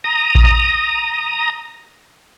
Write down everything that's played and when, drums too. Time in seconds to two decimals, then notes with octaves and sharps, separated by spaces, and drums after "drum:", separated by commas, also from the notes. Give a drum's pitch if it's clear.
0.04 A#5 D#6
0.35 drum: kick A1